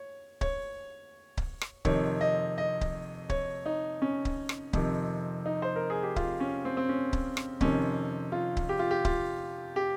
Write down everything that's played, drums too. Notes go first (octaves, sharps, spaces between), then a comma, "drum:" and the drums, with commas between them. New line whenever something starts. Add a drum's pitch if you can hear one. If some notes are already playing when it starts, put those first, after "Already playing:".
Already playing: C#5
C#5, drum: kick C#1
drum: kick C#1
drum: rim click
F2 C3 D#3 C#5, drum: kick C#1
D#5
D#5
drum: kick C#1
C#5, drum: kick C#1
D#4
C#4
drum: kick C#1
drum: rim click
F2 C3 D#3, drum: kick C#1
D#4
C5
A#4
G#4
G4
F4, drum: kick C#1
C#4
C4
C4
C#4
drum: kick C#1
drum: rim click
F2 C3 D#3 C#4, drum: kick C#1
F4
drum: kick C#1
G4
F4
G4
F4, drum: kick C#1
G4